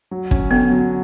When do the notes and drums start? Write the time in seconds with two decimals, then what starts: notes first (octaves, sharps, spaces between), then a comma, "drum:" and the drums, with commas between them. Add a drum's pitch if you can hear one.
0.11 F#3
0.31 C#4, drum: kick
0.51 D3 B3
0.71 F#3